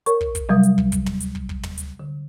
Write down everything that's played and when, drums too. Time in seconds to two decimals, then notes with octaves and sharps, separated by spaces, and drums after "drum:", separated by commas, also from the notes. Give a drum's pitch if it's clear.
0.06 A#4 C#5 C#6, drum: hi-hat
0.21 drum: kick
0.35 drum: kick, hi-hat
0.49 C3 F#3 G3 D#6
0.63 drum: hi-hat
0.78 drum: kick
0.92 drum: kick, hi-hat
1.06 drum: tom
1.21 drum: hi-hat
1.35 drum: kick
1.49 drum: kick
1.63 drum: tom
1.78 drum: hi-hat
2.00 D3